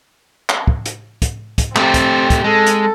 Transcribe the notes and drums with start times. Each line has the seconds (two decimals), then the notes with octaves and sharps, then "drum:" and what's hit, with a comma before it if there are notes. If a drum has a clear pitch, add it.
0.49 drum: clap
0.68 drum: kick
0.86 drum: hi-hat
1.22 drum: kick, hi-hat
1.58 drum: kick, hi-hat
1.76 A3 C4 G4, drum: clap
1.94 drum: kick, hi-hat
2.30 drum: kick, hi-hat
2.44 G#3 A4
2.67 drum: hi-hat